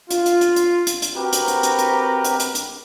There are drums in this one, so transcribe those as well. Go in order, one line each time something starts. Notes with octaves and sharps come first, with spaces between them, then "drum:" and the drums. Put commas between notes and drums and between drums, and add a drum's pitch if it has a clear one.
F4, drum: hi-hat
drum: hi-hat
drum: hi-hat
drum: hi-hat
drum: hi-hat
drum: hi-hat
C4 F#4 G4 A#4 B4 A#5
drum: hi-hat
drum: hi-hat
drum: hi-hat
drum: hi-hat
drum: hi-hat
drum: hi-hat
drum: hi-hat